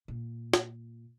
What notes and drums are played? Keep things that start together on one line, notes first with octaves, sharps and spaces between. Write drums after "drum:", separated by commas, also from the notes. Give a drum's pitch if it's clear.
A#2
drum: snare